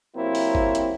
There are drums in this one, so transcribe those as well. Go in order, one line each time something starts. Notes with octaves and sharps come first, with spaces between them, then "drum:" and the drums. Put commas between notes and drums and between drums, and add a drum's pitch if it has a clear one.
C3 F#3 A#3 C4 E4
drum: open hi-hat
drum: kick
drum: hi-hat